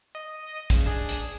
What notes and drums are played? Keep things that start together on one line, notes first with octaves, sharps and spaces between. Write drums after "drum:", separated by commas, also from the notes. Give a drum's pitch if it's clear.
D#5
C#3, drum: kick, hi-hat
D4 G#4
drum: hi-hat